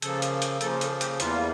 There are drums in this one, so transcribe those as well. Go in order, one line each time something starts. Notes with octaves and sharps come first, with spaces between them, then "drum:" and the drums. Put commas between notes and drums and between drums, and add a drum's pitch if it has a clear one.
C#3 F3 A#3 A4, drum: hi-hat
drum: hi-hat
drum: hi-hat
C#3 F3 A#3 A4, drum: hi-hat
A4, drum: hi-hat
G4, drum: hi-hat
E2 E3 G3 A#3 F4, drum: hi-hat